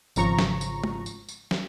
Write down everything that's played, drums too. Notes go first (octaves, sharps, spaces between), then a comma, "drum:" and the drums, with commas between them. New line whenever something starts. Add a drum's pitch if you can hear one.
G#1 C#3 F3 A#5 C#6, drum: tambourine
drum: snare
drum: tambourine
drum: tom G#3
drum: tambourine
drum: tambourine
drum: snare